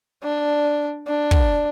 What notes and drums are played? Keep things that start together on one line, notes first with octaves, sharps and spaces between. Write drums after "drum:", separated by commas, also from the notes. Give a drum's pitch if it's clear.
D4
D4
drum: kick